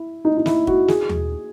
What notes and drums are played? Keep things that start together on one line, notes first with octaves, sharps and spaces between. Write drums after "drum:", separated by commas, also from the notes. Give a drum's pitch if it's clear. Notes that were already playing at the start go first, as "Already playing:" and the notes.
Already playing: E4
D#4
D#4
E4, drum: snare
F#4, drum: kick
G#4, drum: snare
drum: tom D#2